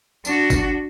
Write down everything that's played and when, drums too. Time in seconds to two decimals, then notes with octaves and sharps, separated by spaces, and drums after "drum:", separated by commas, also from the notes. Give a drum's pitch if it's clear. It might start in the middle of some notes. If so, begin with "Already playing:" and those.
0.25 D4 F#4, drum: tambourine
0.50 drum: kick G1, tambourine